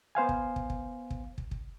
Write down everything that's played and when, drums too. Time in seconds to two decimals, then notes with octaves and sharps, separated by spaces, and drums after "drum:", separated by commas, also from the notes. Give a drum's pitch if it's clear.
0.15 B3 C5 F5 G#5
0.29 drum: kick
0.56 drum: kick
0.70 drum: kick
1.10 drum: kick
1.38 drum: kick
1.51 drum: kick